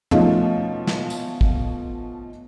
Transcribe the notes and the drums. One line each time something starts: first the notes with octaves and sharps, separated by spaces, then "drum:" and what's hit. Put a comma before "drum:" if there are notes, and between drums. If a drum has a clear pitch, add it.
B2 F3 A3 C#4 D#4, drum: tom
drum: snare
drum: tambourine
drum: kick